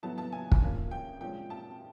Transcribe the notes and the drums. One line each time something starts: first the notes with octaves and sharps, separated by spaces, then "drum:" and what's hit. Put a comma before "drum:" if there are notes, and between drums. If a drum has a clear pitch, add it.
A2 F#3 B3 A5
A5
G#5
drum: kick
C#3 F3 A#3 C#4
G5
A#2 F3 G#3 C#4 G5
A5